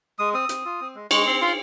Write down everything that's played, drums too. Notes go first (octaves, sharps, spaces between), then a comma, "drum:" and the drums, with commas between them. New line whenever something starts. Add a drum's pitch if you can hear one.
G#3 D#6
C4 D#6
C4, drum: hi-hat
F4
C4
G#3
G#3 C#6, drum: cymbal
C4 C6
F4 C6